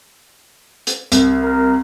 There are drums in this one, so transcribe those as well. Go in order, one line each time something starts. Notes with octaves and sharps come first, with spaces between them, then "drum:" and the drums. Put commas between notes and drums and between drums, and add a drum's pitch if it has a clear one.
drum: hi-hat
C2, drum: hi-hat
A#4